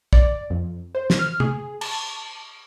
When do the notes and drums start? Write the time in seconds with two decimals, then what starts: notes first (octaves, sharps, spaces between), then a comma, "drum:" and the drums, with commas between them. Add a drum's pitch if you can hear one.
0.13 D5, drum: kick
0.50 F2
0.95 C5
1.10 drum: snare
1.19 F6
1.40 G#4, drum: tom C3
1.81 A5, drum: cymbal